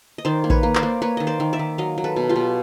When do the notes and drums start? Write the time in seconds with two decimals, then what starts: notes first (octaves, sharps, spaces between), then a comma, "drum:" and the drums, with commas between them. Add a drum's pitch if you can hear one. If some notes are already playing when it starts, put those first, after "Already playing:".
0.18 D#5
0.25 D#3 C5 D5
0.44 A#3
0.50 B4 C#5, drum: kick A#1
0.63 A#3
0.75 C5 D5, drum: clap
0.83 A#3
1.02 A#3 B4 C#5
1.17 D#3 D#5
1.27 C5 D5
1.40 D#3
1.53 D5 E5
1.59 D#3
1.78 F#3 D#5 F5
1.98 F#3
2.04 A4 B4
2.16 B2
2.29 F4 G4
2.36 B2